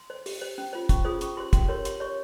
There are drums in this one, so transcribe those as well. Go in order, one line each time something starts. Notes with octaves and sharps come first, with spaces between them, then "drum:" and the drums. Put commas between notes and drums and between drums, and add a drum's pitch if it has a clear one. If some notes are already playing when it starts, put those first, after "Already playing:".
Already playing: C6
C5
G4, drum: open hi-hat
C5
C#4
F4 C5
C#4 C#6, drum: kick, hi-hat
F4 G#4 C5 D#6
C#4 C#6, drum: hi-hat
G4 C5 C6
C#4 C6, drum: kick, hi-hat
G4 A#4 C#5 C6
G4 C6, drum: hi-hat
C#5 C#6